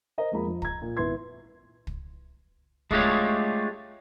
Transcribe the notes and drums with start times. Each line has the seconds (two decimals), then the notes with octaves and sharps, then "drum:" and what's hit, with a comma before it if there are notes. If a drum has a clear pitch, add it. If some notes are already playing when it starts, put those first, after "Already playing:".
0.18 A#4 C5 D#5 A#5
0.32 F2 G#3 A#3 F4 A#5 B5
0.48 F3
0.62 A#5 G#6, drum: kick
0.82 A#2
0.97 G#1 B3 E4 B4 C6 G#6
1.87 drum: kick
2.91 G#3 A3 D4 F4 G4 C#5, drum: kick